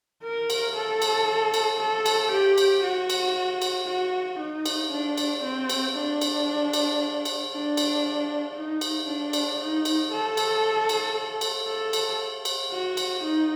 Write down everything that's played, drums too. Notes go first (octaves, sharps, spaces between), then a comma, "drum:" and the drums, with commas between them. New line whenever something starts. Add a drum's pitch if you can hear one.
A#4
drum: cymbal
A4
drum: cymbal
drum: cymbal
A4
drum: cymbal
G4
drum: cymbal
F#4
drum: cymbal
drum: cymbal
F#4
D#4
drum: cymbal
D4
drum: cymbal
C4
drum: cymbal
D4
drum: cymbal
drum: cymbal
drum: cymbal
D4
drum: cymbal
D#4
drum: cymbal
D4
drum: cymbal
D#4
drum: cymbal
A4
drum: cymbal
drum: cymbal
drum: cymbal
A4
drum: cymbal
drum: cymbal
F#4
drum: cymbal
D#4